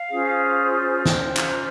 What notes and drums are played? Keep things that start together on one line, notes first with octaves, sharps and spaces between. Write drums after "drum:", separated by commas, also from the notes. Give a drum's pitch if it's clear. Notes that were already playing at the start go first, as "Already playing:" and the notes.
Already playing: F5
C#4 F4 G#4 C5
C#4 F4 C5 G5, drum: snare
A#5, drum: clap